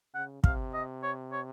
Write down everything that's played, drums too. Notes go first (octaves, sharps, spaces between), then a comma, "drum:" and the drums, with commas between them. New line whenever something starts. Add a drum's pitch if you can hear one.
C#3 F#5
C3 F5, drum: kick
D#5
C#5
C#5